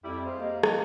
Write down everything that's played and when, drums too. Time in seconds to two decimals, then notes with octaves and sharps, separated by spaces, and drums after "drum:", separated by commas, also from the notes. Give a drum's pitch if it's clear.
0.04 F2 G3 E4
0.25 G#3 F4 C5
0.40 A#3 G4 D#5
0.63 drum: rim click